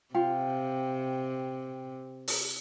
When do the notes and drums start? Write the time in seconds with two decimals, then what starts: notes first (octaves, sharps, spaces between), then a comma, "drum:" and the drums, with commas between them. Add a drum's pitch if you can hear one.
0.15 C3 F4 G5
2.28 drum: open hi-hat